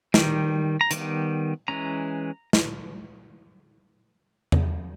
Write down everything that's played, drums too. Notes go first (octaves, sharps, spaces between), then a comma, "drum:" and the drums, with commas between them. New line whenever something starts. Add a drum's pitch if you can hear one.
D#3 G3, drum: snare
A#5
D#3 G3 B3, drum: hi-hat
E3 G#3 C#4 A#5
drum: snare
drum: tom E2